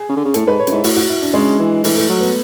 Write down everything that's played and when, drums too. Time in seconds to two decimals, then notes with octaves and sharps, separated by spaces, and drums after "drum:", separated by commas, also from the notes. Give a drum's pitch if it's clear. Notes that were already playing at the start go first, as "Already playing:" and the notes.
Already playing: G#4
0.09 C#3
0.16 D3
0.25 C#3
0.34 A2 A4, drum: hi-hat
0.46 G#2 B4
0.59 C#5
0.67 F#2, drum: hi-hat
0.72 G#2 E4
0.84 A2 F#4, drum: open hi-hat
0.96 F#4
1.09 E4
1.22 D4
1.33 C#3 G#3
1.59 E3
1.84 E3 A3, drum: open hi-hat
1.97 A3
2.09 F#3
2.21 B3